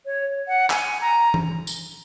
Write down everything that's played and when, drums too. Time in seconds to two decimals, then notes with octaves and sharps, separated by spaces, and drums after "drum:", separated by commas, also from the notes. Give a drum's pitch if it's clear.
0.06 C#5
0.48 F#5
0.70 G#5, drum: clap
1.01 A#5
1.34 drum: tom E3
1.67 drum: tambourine